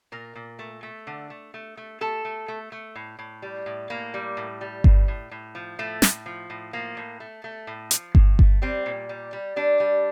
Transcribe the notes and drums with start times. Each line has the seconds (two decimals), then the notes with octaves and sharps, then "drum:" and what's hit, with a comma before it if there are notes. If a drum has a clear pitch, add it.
0.12 A#2 A#4
0.35 A#2
0.59 A3
0.83 A3
1.07 D3
1.30 A3
1.54 A3
1.77 A3
2.01 A3 A4
2.25 A3
2.48 A3
2.72 A3
2.95 A2
3.19 A2
3.42 G3
3.66 A2
3.90 A2 A#3
4.14 G3
4.37 A2
4.61 G3
4.84 A2, drum: kick G1
5.08 A2
5.31 A2
5.55 F3
5.79 A2 A3
6.02 A2, drum: snare
6.26 F3
6.50 A2
6.73 F3 A#3
6.97 A2
7.20 A3
7.44 A3
7.67 A2
7.91 F3, drum: hi-hat
8.15 A2, drum: kick G1
8.39 A3, drum: kick G1
8.62 G3 C4
8.86 A#2
9.09 G3
9.33 G3
9.56 G3 D4
9.80 G3